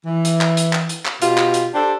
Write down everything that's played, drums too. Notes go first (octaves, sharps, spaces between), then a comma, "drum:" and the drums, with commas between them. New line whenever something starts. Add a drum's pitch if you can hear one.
E3
drum: hi-hat
drum: clap
drum: hi-hat
drum: clap
drum: hi-hat
drum: clap
B2 F4 G4, drum: hi-hat
drum: clap
drum: hi-hat
D4 G4 A4 C5 D5